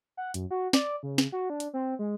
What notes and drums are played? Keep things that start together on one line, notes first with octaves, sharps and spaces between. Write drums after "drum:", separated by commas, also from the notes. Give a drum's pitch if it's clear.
F#5
F#2, drum: hi-hat
F#4
D5, drum: snare
C#3
drum: snare
F#4
D4
drum: hi-hat
C4
G#3